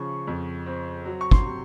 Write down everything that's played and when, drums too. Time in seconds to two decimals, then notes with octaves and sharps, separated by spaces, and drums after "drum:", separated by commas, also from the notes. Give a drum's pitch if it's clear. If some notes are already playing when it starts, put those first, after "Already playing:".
Already playing: C#3 F3 C#6
0.27 F2
0.66 C4
1.05 F#3
1.21 C#6
1.31 C6, drum: kick
1.45 C3